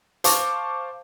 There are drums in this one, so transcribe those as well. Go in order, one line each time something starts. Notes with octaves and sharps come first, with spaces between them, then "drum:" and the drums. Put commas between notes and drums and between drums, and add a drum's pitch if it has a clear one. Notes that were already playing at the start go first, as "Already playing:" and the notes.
C5 F5 A5 C#6 D6, drum: hi-hat